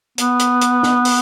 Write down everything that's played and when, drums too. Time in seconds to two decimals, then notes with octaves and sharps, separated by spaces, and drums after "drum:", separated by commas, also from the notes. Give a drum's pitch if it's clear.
0.18 B3, drum: hi-hat
0.39 drum: hi-hat
0.61 drum: hi-hat
0.83 drum: snare
1.05 drum: open hi-hat